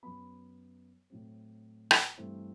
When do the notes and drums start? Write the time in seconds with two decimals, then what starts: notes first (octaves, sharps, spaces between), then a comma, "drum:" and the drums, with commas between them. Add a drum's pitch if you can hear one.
0.03 F#2 F#3 B3 B5
1.10 A2 F#3 C4
1.91 drum: rim click
2.18 G2 E3 A3 C4